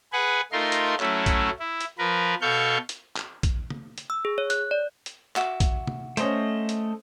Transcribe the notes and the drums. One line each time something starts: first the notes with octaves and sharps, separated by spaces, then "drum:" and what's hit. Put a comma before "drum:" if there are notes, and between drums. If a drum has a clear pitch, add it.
G#4 B4 F#5 G#5
A3 D#4 F4 A#4 C6
drum: hi-hat
F#3 A3 C#4 E4, drum: clap
drum: kick A#1, hi-hat
E4
drum: hi-hat
F3 A#4 B4
B2 A4 F5 C#6 G6
drum: hi-hat
drum: clap
drum: kick A#1, hi-hat
drum: tom
drum: hi-hat
E6
G#4
C#5
F#6, drum: hi-hat
D5
drum: hi-hat
F#4 E5 D6, drum: clap
drum: kick A#1, hi-hat
drum: tom
A3 C#4 C5 D#5, drum: hi-hat
drum: hi-hat